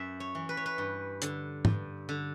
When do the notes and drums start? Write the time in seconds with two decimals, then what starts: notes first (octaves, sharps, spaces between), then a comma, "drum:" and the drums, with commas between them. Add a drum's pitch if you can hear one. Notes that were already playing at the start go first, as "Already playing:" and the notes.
Already playing: F#2 E5
0.20 C#5
0.35 E3
0.49 B4
0.57 C#5
0.66 B4
0.78 G2
1.22 D3, drum: hi-hat
1.65 G2, drum: tom
2.09 D3